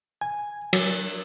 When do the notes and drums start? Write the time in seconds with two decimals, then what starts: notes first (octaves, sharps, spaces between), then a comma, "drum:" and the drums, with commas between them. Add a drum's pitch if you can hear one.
0.21 G#5
0.73 F#3, drum: cymbal